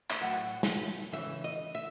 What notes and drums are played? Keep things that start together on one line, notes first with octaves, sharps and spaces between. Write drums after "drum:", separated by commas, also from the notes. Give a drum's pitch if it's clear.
E5, drum: clap
A2 F#3 F#5
drum: snare
C#3 E3 E5
D#5
E5